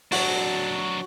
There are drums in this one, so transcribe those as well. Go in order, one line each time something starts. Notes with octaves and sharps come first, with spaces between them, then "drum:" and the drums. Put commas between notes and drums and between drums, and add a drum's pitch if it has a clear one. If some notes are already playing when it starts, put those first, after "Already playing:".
F#3 D4 F#4, drum: open hi-hat